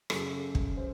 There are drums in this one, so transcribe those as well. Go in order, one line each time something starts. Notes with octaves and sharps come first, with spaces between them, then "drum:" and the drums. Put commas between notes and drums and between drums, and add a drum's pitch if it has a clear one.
F#2 C#3 F#3 A4, drum: rim click
drum: kick
C5